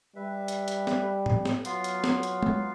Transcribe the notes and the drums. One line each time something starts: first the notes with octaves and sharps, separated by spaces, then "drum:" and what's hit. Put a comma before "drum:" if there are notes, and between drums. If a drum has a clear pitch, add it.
G3 B4 E5
drum: hi-hat
drum: hi-hat
drum: snare
drum: tom A2
drum: snare
F#3 B3 F4 F5, drum: hi-hat
drum: hi-hat
drum: snare
drum: hi-hat
drum: tom G#3